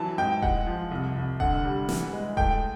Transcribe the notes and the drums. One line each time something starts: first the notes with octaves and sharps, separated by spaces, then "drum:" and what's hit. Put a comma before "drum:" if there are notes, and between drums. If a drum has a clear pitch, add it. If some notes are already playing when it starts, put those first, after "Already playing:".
Already playing: E3 F#3 A5
G#2 G5
G#3 F#5, drum: kick D#1
F3
C2
C2
D3 F#5, drum: kick D#1
G3
E3, drum: snare
G#3
A3 G5, drum: kick D#1